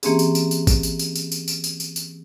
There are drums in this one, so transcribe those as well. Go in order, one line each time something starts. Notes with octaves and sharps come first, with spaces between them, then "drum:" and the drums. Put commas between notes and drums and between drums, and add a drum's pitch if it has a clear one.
E3 A#3 C4 C#4 G4 G#4, drum: tambourine
drum: tambourine
drum: tambourine
drum: tambourine
drum: kick G#1, tambourine
drum: tambourine
drum: tambourine
drum: tambourine
drum: tambourine
drum: tambourine
drum: tambourine
drum: tambourine
drum: tambourine